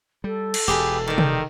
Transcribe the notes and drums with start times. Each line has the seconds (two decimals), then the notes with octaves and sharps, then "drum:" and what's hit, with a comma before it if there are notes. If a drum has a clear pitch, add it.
0.24 G3 A4
0.54 drum: cymbal
0.68 E1 G4 G#4 B4
1.08 D#3 D5 G5
1.18 drum: tom C3